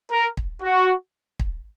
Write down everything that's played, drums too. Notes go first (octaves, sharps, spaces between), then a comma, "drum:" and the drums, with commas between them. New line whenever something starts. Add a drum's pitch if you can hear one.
A#4
drum: kick
F#4
drum: kick